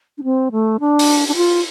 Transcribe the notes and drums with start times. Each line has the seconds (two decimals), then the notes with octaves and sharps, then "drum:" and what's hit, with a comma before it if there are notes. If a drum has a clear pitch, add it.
0.18 D4
0.24 C4
0.52 A3
0.80 D4
0.99 drum: open hi-hat
1.28 D4
1.35 F4